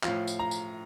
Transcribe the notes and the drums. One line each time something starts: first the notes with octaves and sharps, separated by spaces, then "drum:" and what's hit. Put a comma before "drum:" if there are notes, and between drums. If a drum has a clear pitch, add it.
A2 F3 F5, drum: clap
drum: tambourine
A#5
drum: tambourine